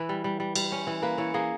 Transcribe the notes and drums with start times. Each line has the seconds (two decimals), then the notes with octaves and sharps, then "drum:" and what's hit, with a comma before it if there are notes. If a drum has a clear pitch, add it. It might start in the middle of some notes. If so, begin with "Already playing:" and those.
Already playing: E3 B4 E5
0.09 G3
0.24 G3
0.40 G3
0.56 G3, drum: cymbal
0.72 C#4
0.87 E3
1.02 A#3 B4
1.18 E3 C#5
1.34 A#3 G#4